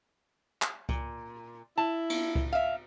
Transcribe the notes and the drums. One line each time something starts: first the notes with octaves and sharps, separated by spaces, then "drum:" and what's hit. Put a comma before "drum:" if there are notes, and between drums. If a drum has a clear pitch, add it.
drum: clap
A#2, drum: kick C#2
E4 A5
drum: cymbal
drum: kick C#2
E5 F5